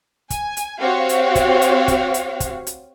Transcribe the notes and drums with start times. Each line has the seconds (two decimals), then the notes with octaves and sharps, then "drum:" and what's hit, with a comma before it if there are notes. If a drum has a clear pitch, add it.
0.30 G#5, drum: kick, hi-hat
0.57 drum: hi-hat
0.80 C4 F#4 G4 C#5 F5
1.09 drum: hi-hat
1.35 drum: kick, hi-hat
1.62 drum: hi-hat
1.88 drum: kick, hi-hat
2.14 drum: hi-hat
2.40 drum: kick, hi-hat
2.67 drum: hi-hat